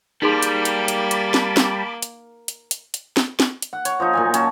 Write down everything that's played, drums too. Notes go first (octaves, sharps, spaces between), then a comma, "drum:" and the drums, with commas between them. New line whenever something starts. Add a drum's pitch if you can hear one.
G3 A#3 D#4 G#4 A5 B5 C6 D6
drum: hi-hat
drum: hi-hat
drum: hi-hat
drum: hi-hat
drum: snare
drum: snare
drum: hi-hat
drum: hi-hat
drum: hi-hat
drum: hi-hat
drum: snare
drum: snare
drum: hi-hat
F#5
C#5, drum: hi-hat
F3 D#4
A#2 F#3 G#5
C#4 A5, drum: hi-hat